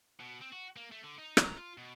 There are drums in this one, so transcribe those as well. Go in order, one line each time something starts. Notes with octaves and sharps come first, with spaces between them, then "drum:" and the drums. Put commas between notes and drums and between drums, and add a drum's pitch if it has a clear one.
B2
C4
F#4
A#3
A3
D3
D#4
A#5, drum: rim click
F4
B2